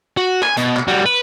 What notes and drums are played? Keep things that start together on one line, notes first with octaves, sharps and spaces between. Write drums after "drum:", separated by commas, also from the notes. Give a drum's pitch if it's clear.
F#4
G#5, drum: clap
B2, drum: hi-hat
drum: clap
G3 F#4
B4